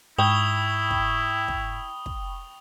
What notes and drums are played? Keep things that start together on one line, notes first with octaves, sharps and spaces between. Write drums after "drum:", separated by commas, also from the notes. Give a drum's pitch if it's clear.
G#2 E4 G5 B5 C#6 D#6 F7 G7
drum: kick
drum: kick
drum: kick